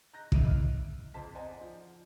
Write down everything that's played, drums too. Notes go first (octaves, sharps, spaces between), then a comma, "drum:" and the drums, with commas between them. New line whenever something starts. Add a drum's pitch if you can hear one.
A#5 F#6 G6 A#6
A1 D#4 E4 D7 D#7 F7, drum: kick
F6
F2 C5 A5 B6
C5 D5 D#5 F#5 G#5 A#5
F3